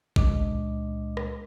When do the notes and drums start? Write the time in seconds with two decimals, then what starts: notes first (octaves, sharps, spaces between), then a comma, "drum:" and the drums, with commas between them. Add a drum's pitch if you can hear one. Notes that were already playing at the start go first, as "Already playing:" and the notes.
0.16 C#2 A#2 G#3 D4 D#5 D6, drum: kick G#1
1.17 drum: rim click